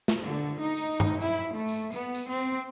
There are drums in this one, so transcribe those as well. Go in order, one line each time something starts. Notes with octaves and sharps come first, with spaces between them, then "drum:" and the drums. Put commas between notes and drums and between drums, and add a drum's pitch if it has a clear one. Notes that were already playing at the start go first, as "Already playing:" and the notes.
drum: snare
D3
D#4
drum: tambourine
drum: tom G2
E4, drum: tambourine
A3
drum: tambourine
B3, drum: tambourine
drum: tambourine
C4
drum: tambourine